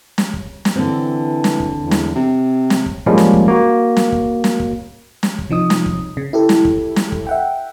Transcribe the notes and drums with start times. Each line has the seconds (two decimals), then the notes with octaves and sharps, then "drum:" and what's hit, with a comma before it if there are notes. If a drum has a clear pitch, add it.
0.18 drum: snare
0.34 drum: kick
0.65 drum: snare
0.76 D3 E3 C4
1.44 drum: snare
1.60 drum: kick
1.82 E2
1.91 drum: snare
2.15 C3
2.70 drum: snare
2.86 drum: kick
3.06 F3 G3 G#3 A#3 C#4
3.18 drum: snare
3.33 drum: kick
3.48 A#3 F#4
3.97 drum: snare
4.12 drum: kick
4.44 drum: snare
4.60 drum: kick
5.23 drum: snare
5.39 drum: kick
5.49 C3 F3 D#4 D#6
5.70 drum: snare
5.86 drum: kick
6.17 C#3
6.33 E4 G4 A4
6.49 drum: snare
6.65 drum: kick
6.96 drum: snare
7.12 drum: kick
7.27 E5 F#5 G5